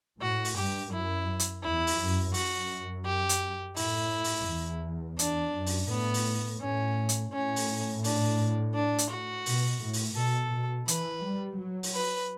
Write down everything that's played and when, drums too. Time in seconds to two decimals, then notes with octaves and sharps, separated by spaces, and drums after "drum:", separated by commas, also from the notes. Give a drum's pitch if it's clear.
0.21 A2 F#4
0.45 drum: open hi-hat
0.57 G2 G4
0.92 F#2 E4
1.39 drum: hi-hat
1.63 E2 E4
1.87 drum: open hi-hat
1.99 F#2
2.34 F#2 F#4, drum: open hi-hat
3.06 G4
3.29 drum: hi-hat
3.76 A2 E4, drum: open hi-hat
4.24 drum: open hi-hat
4.48 E2
5.19 E2 D4, drum: hi-hat
5.55 F#2
5.66 drum: open hi-hat
5.90 A2 B3
6.14 drum: open hi-hat
6.61 A2 C#4
7.09 drum: hi-hat
7.32 A2 C#4
7.56 drum: open hi-hat
8.04 D4, drum: open hi-hat
8.74 D4
8.98 drum: hi-hat
9.10 F#4
9.46 B2, drum: open hi-hat
9.81 A2
9.93 drum: open hi-hat
10.17 B2 A4
10.53 B2
10.88 E3 B4, drum: hi-hat
11.24 G3
11.59 F#3
11.83 drum: open hi-hat
11.95 B4